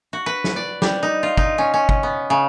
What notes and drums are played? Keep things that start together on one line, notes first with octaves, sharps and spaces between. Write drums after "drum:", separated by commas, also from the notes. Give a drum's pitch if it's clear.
F#4
B4
drum: snare
D5
G3, drum: snare
D#4
F4
D#4, drum: kick
C#4
C#4
drum: kick
B3
C#3